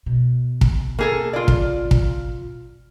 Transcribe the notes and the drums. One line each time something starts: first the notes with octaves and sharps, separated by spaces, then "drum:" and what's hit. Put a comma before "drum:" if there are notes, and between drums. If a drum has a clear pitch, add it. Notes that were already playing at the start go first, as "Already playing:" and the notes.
B2
drum: kick
A#3 G#4 A4
F4 D5
drum: kick
drum: kick